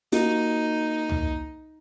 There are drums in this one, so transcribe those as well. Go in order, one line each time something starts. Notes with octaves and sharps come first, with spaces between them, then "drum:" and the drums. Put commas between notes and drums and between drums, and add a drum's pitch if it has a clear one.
A#3 D#4 F4 F#4, drum: hi-hat
drum: tom